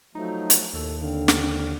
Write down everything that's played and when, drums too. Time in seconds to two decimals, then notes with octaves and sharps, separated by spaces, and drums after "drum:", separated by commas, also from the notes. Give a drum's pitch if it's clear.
0.15 F3 F#3 A3 D#4
0.50 drum: hi-hat
0.73 D#2 A2 A4
1.02 D3 C4 F5
1.28 drum: snare